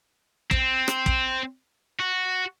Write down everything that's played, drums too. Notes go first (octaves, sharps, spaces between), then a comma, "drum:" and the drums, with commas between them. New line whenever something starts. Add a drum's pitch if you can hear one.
C4, drum: kick
drum: rim click
drum: kick
F#4